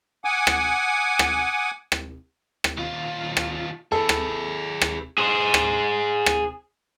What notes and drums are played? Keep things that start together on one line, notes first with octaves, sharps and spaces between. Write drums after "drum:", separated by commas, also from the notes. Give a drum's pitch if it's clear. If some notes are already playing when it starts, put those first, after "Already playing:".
F#5 G#5 D6 D#6
drum: rim click
drum: rim click
drum: rim click
drum: rim click
D#2 F4
drum: rim click
G#4 A4 B4
drum: rim click
drum: rim click
G#4 C5
drum: rim click
drum: rim click